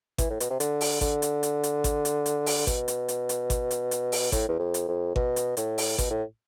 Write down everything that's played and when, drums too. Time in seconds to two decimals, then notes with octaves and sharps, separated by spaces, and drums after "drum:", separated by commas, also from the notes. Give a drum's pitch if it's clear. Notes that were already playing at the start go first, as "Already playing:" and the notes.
0.18 E3, drum: kick G#1, hi-hat
0.30 A2
0.40 B2, drum: hi-hat
0.51 C3
0.60 D3, drum: hi-hat
0.81 drum: open hi-hat
1.01 D3, drum: kick G#1, hi-hat
1.22 drum: hi-hat
1.43 drum: hi-hat
1.63 drum: hi-hat
1.84 drum: kick G#1, hi-hat
2.05 drum: hi-hat
2.26 drum: hi-hat
2.46 drum: open hi-hat
2.67 B2, drum: kick G#1, hi-hat
2.88 drum: hi-hat
3.08 drum: hi-hat
3.29 drum: hi-hat
3.50 drum: kick G#1, hi-hat
3.71 drum: hi-hat
3.91 drum: hi-hat
4.12 drum: open hi-hat
4.32 A2, drum: kick G#1, hi-hat
4.49 E2
4.60 F2
4.74 drum: hi-hat
4.89 F2
5.16 B2, drum: kick G#1
5.36 drum: hi-hat
5.57 A2, drum: hi-hat
5.78 drum: open hi-hat
5.98 B2, drum: kick G#1, hi-hat
6.10 A2